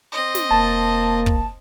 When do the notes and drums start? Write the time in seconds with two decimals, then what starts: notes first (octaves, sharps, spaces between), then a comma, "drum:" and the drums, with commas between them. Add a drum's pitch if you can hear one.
0.12 C4 D#5
0.35 drum: snare
0.51 E1 A#3 A5
1.26 drum: kick